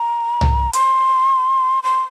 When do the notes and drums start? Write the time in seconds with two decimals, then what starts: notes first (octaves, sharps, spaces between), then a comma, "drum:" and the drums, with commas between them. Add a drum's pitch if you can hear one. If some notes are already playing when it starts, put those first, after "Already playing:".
Already playing: A#5
0.41 drum: tom C2
0.73 C6, drum: hi-hat
1.84 C6